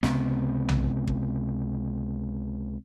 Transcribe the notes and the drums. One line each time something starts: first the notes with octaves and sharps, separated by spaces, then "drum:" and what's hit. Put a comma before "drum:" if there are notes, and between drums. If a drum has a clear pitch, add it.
C#2 C3 B3, drum: snare
drum: tom B1
drum: kick